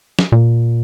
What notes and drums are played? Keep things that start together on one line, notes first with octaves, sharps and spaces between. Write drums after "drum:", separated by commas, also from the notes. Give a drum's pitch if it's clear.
drum: snare
A#2